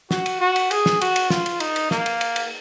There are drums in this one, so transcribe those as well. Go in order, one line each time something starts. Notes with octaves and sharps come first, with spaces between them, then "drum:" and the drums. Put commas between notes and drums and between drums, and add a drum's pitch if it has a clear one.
F#4, drum: snare
drum: cymbal
F#4
drum: cymbal
G#4, drum: cymbal
drum: snare
F#4, drum: cymbal
drum: cymbal
F4, drum: snare
drum: cymbal
D#4, drum: cymbal
drum: cymbal
A#3, drum: snare
drum: cymbal
drum: cymbal
drum: cymbal